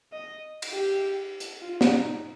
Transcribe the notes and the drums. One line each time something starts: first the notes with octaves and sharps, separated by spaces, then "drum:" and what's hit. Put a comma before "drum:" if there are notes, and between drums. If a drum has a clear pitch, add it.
D#5
drum: cymbal
G4
drum: hi-hat
F4
drum: snare
D#4